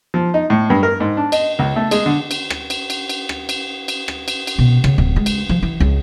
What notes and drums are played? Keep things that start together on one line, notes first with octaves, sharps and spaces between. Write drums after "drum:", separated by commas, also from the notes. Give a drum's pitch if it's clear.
F3
D#4
A2
G2
A#4
G#2
D4
D#5, drum: cymbal
C#2
A3
G#3, drum: cymbal
D3
drum: cymbal
drum: rim click
drum: cymbal
drum: cymbal
drum: cymbal
drum: rim click
drum: cymbal
drum: cymbal
drum: rim click
drum: cymbal
drum: cymbal
B2
C#3, drum: rim click
D1
G#3
drum: cymbal
F3
E3
C#2